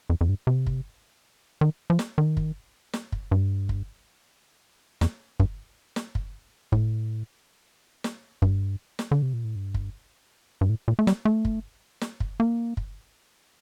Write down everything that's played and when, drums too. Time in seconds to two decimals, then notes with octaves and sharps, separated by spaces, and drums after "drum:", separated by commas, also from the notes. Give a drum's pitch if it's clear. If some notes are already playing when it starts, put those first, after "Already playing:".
0.10 F2
0.21 F2
0.29 G2
0.47 C3
0.66 drum: kick
1.61 D#3
1.90 F3
1.99 drum: snare
2.18 D#3
2.37 drum: kick
2.93 drum: snare
3.12 drum: kick
3.31 G2
3.69 drum: kick
5.01 F2, drum: snare
5.40 G2, drum: kick
5.96 drum: snare
6.15 drum: kick
6.72 A2, drum: kick
8.04 drum: snare
8.42 G2, drum: kick
8.99 drum: snare
9.11 D3
9.22 C3
9.34 A#2
9.44 A2
9.56 G2
9.74 drum: kick
10.61 G2
10.69 A2
10.88 A#2
10.99 A3
11.07 G3, drum: snare
11.25 A3
11.45 drum: kick
12.01 drum: snare
12.20 drum: kick
12.40 A#3
12.77 drum: kick